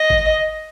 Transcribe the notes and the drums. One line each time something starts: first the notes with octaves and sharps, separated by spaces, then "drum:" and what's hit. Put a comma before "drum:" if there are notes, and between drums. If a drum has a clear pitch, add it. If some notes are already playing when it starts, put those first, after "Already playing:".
Already playing: D#5
drum: kick